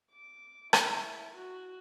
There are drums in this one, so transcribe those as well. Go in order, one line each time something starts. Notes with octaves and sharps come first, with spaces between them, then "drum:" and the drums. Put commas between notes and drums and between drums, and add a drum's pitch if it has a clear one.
D6
E4, drum: rim click
F#4